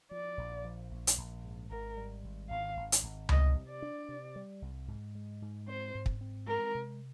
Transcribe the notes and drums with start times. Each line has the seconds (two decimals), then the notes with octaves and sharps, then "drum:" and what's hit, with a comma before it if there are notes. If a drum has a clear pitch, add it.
0.11 F3 D5
0.37 A#1
0.65 F3
0.91 A#1
1.07 drum: hi-hat
1.17 A#1
1.44 G#2
1.70 G#1 A#4
1.97 G3
2.23 G#1
2.50 G#1 F5
2.76 G#1
2.92 drum: hi-hat
3.03 G#1
3.29 C2 D#5, drum: tom C#2
3.56 C3
3.69 D5
3.82 D4
4.09 C3
4.36 G3
4.62 C2
4.88 G#2
5.15 G#3
5.42 G#2
5.68 C4 C5
5.95 G#2
6.06 drum: kick
6.21 C4
6.47 G#3 A#4
6.74 C3